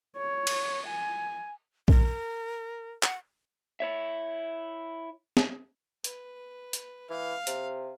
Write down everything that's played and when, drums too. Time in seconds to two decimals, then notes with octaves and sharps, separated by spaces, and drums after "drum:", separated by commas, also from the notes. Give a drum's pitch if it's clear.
0.17 C#5
0.47 drum: cymbal
0.87 G#5
1.88 A#4, drum: kick A#1
3.03 F#5, drum: clap
3.80 E4 C#5 E5
5.37 drum: snare
6.04 B4, drum: hi-hat
6.73 drum: hi-hat
7.10 E3 F5
7.47 C3, drum: hi-hat